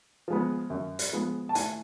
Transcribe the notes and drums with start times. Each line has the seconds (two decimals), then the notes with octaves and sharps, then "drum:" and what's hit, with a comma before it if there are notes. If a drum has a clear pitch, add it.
0.28 F3 G#3 B3
0.70 F#2
0.99 drum: hi-hat
1.13 F3 G#3 B3
1.49 A5
1.55 A2 G#5, drum: hi-hat